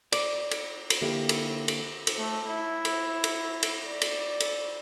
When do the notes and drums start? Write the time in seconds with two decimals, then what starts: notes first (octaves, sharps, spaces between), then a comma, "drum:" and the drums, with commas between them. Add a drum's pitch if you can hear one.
0.12 D5, drum: cymbal
0.51 drum: cymbal
0.90 drum: cymbal
1.01 D3 A#3 E4 G4
1.29 drum: cymbal
1.68 drum: cymbal
2.07 drum: cymbal
2.17 A3
2.47 E4
2.85 drum: cymbal
3.24 drum: cymbal
3.63 drum: cymbal
3.87 D5
4.01 drum: cymbal
4.40 drum: cymbal